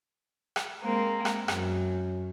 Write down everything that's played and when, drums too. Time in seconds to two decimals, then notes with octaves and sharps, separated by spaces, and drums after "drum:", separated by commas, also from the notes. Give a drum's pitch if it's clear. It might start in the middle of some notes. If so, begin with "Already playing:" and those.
0.56 drum: rim click
0.82 G#3 A#3 C4
1.25 drum: rim click
1.48 F#2, drum: rim click